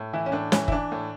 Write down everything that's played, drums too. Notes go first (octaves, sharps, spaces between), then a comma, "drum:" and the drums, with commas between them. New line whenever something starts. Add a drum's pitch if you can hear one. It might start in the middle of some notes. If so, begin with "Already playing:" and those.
Already playing: A2
E3 E4
C#4
A2 D4
E3 C#4, drum: snare
E4, drum: kick F#1
E3 D4
A2